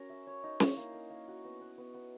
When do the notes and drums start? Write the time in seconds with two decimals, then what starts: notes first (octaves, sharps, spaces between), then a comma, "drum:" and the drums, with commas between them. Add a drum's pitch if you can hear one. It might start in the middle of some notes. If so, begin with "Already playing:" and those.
Already playing: C#4 F#4 A#4 C#5
0.10 E5
0.27 C#5
0.44 D#4
0.60 E4, drum: snare
0.77 A#3
0.94 A#4
1.10 A#3
1.28 F#4
1.45 B3
1.61 B4
1.78 B3
1.94 B3